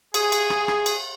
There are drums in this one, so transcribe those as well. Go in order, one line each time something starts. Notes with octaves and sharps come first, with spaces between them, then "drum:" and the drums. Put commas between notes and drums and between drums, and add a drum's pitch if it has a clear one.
G#4, drum: cymbal
drum: cymbal
drum: rim click
drum: rim click
drum: cymbal